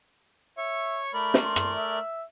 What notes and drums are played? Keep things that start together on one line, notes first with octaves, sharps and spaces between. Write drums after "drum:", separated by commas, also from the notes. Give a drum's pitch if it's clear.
C#5 E5 C#6
A3 A#4 D5 B5
drum: snare
C6
drum: rim click
E5